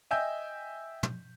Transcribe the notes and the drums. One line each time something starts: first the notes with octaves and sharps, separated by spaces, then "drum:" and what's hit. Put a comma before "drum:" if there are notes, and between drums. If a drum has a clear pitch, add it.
D#5 E5 G5 G#5 E6 G6
drum: tom